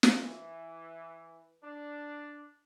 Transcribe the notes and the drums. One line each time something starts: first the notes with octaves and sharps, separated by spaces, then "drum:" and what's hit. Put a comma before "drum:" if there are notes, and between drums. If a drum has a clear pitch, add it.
drum: snare
E3
D4